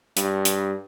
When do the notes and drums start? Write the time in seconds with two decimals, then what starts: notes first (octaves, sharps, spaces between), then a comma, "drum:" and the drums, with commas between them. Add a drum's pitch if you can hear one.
0.17 G2, drum: hi-hat
0.45 drum: hi-hat